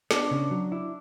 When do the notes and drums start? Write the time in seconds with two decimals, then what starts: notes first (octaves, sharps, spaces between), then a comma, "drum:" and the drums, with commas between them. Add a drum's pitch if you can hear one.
0.11 B3 D4, drum: snare
0.31 C#3
0.51 F#3
0.72 E4